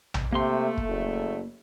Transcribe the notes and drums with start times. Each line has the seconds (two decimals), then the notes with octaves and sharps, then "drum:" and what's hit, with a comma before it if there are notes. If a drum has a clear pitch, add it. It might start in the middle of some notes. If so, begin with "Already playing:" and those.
0.14 drum: tom A#1
0.32 C3 A3 A#3 C6
0.77 drum: kick
0.88 F#1